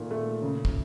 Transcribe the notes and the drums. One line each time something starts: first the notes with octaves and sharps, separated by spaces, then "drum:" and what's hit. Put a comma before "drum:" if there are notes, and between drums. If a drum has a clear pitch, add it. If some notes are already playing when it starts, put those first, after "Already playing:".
Already playing: A#2 D#3 A3
A3
C#3
drum: kick